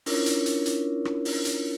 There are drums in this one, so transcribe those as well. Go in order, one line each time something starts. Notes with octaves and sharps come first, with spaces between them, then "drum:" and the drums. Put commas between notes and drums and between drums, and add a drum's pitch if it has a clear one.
C#4 D4 E4 F4 A#4 C#5, drum: open hi-hat
drum: hi-hat
drum: hi-hat
drum: hi-hat
drum: rim click
drum: open hi-hat
drum: hi-hat